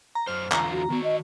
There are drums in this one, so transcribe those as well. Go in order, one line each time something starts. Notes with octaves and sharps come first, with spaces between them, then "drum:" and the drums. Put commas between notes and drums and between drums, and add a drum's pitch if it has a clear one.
A#5
F#2 C5 F6
E2 D3 F4 A#5, drum: clap
F#4
D#3 B3 F#4
D#5